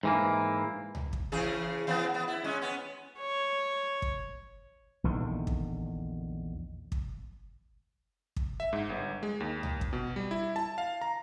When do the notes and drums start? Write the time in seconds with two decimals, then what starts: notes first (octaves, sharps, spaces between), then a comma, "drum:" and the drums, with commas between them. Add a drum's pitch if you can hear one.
0.03 G#2 E3 A#3
0.95 drum: tom C#2
1.13 drum: kick
1.32 C#3 E3 G#4
1.87 E3 B3
2.14 B3
2.28 E4
2.44 G#3 C#4
2.62 B3 C#4
3.19 C#5
4.02 drum: kick
5.04 A#1 E2 D3 D#3
5.47 drum: kick
6.92 drum: kick
8.36 drum: kick
8.60 E5
8.73 G#2
8.90 G1
9.23 G#3
9.40 D#2
9.63 drum: tom C#2
9.81 drum: kick
9.93 B2
10.16 G3
10.31 E4
10.56 A5
10.78 F5
11.02 A#5